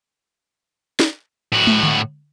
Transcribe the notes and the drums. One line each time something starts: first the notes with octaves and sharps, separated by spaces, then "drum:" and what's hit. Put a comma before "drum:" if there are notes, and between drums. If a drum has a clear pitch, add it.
drum: snare
A2 F#4
drum: tom
drum: tom D3